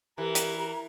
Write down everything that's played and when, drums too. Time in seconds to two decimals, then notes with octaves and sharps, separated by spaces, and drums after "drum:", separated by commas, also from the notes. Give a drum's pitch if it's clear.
0.18 E3 G4 A#4 A#5
0.35 drum: hi-hat